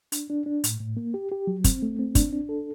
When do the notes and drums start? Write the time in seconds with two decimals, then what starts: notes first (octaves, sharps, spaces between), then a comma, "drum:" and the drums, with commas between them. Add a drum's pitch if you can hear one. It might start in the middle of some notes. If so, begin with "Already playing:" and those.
0.12 D4, drum: hi-hat
0.30 D4
0.46 D4
0.64 A2, drum: hi-hat
0.80 A2
0.97 A#3
1.14 G4
1.32 G4
1.47 F#3
1.64 C4, drum: kick, hi-hat
1.82 A3
1.99 C4
2.15 D4, drum: kick, hi-hat
2.32 D4
2.49 A4